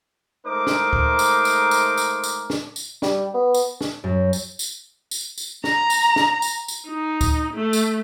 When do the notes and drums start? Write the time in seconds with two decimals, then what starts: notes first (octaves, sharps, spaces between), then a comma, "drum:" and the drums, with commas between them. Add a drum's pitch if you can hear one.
0.46 G#3 A3 D#4 A#4 C5 D6
0.67 drum: snare
0.93 drum: kick
1.19 drum: tambourine
1.45 drum: tambourine
1.71 drum: tambourine
1.97 drum: tambourine
2.24 drum: tambourine
2.50 drum: snare
2.76 drum: tambourine
3.02 G3, drum: snare
3.34 B3
3.54 drum: tambourine
3.81 drum: snare
4.04 F#2
4.33 drum: tambourine
4.59 drum: tambourine
5.11 drum: tambourine
5.38 drum: tambourine
5.64 A#5, drum: snare
5.90 drum: tambourine
6.16 drum: snare
6.42 drum: tambourine
6.68 drum: tambourine
6.87 D#4
7.21 drum: kick, tambourine
7.54 A3
7.73 drum: tambourine